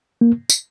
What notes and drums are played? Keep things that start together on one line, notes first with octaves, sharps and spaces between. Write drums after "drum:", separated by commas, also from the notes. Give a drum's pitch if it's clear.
A#3
drum: tambourine